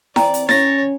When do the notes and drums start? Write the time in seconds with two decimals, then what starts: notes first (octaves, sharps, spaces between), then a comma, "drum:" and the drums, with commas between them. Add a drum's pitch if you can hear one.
0.16 E3 C4 D#4 D5 G5 A#5, drum: snare E4
0.34 drum: hi-hat
0.49 C#4 C#5 A6 A#6, drum: snare E4